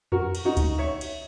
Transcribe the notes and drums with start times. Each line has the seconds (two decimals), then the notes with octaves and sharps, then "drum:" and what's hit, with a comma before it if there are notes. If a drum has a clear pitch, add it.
0.12 F#4 A#4, drum: tom F2
0.35 drum: cymbal
0.45 D#4 F#4
0.57 drum: kick C#2, cymbal
0.78 C#5 E5
1.01 drum: cymbal